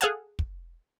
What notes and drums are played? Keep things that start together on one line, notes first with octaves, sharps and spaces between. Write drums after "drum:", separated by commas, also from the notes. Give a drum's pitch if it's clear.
G#4 A4 F5 F#5 G#5 A5
drum: kick